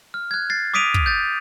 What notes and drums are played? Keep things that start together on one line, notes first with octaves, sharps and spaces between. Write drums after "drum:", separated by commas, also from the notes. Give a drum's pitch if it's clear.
F6
F#6 G#6
A6 C7
D6 D#6 B6 D7 D#7 F7
drum: kick
G6 A6